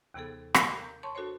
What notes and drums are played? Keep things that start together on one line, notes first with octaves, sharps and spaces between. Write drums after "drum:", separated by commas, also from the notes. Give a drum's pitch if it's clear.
D#2 C3 E3 B3 G#4 A4
G4 A#4 F5 G5, drum: rim click
A#5 G6
C#5 A5 C6 C#6
D4 F#4 A4 A#4 C5 C#5